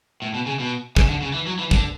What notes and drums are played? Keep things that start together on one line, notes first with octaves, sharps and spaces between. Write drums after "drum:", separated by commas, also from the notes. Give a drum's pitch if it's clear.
A2
B2
C#3
B2
C#3, drum: kick
D3
C#3
E3
F#3
E3
D3, drum: kick